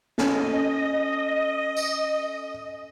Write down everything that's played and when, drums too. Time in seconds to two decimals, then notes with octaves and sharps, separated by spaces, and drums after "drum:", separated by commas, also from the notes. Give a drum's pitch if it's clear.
0.18 C#4 A4 D#5, drum: snare
1.76 drum: tambourine